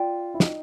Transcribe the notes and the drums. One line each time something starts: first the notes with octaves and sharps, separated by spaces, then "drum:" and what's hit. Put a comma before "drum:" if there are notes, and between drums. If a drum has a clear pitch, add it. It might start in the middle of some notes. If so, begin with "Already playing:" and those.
Already playing: F4 D5 G5
E4
D#4, drum: snare